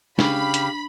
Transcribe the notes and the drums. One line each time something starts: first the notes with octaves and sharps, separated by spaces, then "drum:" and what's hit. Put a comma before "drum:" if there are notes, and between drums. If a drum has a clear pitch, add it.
C#3 D4 G4 F5 B5, drum: snare
drum: hi-hat